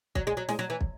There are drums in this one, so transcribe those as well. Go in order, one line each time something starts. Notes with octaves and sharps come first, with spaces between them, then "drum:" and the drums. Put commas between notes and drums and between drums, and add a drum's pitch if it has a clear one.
F#3, drum: kick
G#3
F#3
G#3, drum: snare
F#3
E3
drum: kick